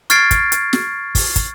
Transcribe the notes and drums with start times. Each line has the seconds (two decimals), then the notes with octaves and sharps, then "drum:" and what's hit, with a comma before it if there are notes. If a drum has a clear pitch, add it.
0.10 C#6 F6 G#6 A6 C7 D7, drum: hi-hat
0.31 drum: kick, hi-hat
0.52 drum: hi-hat
0.73 drum: snare
1.15 drum: kick, open hi-hat
1.36 drum: kick, hi-hat